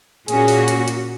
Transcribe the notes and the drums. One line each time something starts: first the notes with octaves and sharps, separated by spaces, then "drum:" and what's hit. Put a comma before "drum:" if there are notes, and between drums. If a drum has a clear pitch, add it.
A#2 A#3 C#4 F#4 G#4, drum: hi-hat
drum: open hi-hat
drum: hi-hat
drum: hi-hat